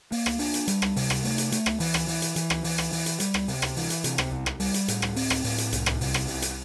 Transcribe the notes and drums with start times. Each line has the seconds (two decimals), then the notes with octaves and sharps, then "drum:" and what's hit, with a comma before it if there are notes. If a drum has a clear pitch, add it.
0.12 A#3, drum: open hi-hat
0.26 drum: rim click
0.39 D4, drum: open hi-hat
0.54 drum: hi-hat
0.68 G3, drum: hi-hat
0.82 drum: rim click
0.96 C3, drum: open hi-hat
1.10 drum: rim click
1.25 A3, drum: open hi-hat
1.38 drum: hi-hat
1.52 A3, drum: hi-hat
1.66 drum: rim click
1.80 E3, drum: open hi-hat
1.94 drum: rim click
2.08 E3, drum: open hi-hat
2.22 drum: hi-hat
2.36 E3, drum: hi-hat
2.50 drum: rim click
2.64 E3, drum: open hi-hat
2.78 drum: rim click
2.92 E3, drum: open hi-hat
3.06 drum: hi-hat
3.20 G3, drum: hi-hat
3.34 drum: rim click
3.48 C3, drum: open hi-hat
3.62 drum: rim click
3.77 E3, drum: open hi-hat
3.90 drum: hi-hat
4.04 C3, drum: hi-hat
4.18 drum: rim click
4.32 C2
4.46 drum: rim click
4.60 G3, drum: open hi-hat
4.74 drum: hi-hat
4.88 A2, drum: hi-hat
5.02 drum: rim click
5.16 C4, drum: open hi-hat
5.30 drum: rim click
5.44 A2, drum: open hi-hat
5.58 drum: hi-hat
5.73 C2, drum: hi-hat
5.86 drum: rim click
6.01 C3, drum: open hi-hat
6.14 drum: rim click
6.28 C2, drum: open hi-hat
6.42 drum: hi-hat